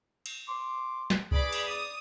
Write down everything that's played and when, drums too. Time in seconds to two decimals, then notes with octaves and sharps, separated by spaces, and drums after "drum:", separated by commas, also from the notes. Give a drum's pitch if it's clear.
0.26 drum: cymbal
0.48 C6 D6
1.10 drum: snare
1.31 E2 G#4 D5 B5 D6, drum: kick C2
1.52 drum: cymbal
1.66 D5 D#6